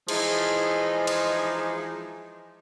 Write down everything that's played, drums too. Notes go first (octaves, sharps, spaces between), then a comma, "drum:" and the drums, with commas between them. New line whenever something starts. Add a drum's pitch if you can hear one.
E3 F3 G#3 D#4, drum: cymbal
drum: cymbal